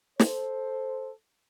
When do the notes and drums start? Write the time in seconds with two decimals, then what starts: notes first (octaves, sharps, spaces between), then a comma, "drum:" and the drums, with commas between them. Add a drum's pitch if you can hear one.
0.20 A4 C5, drum: snare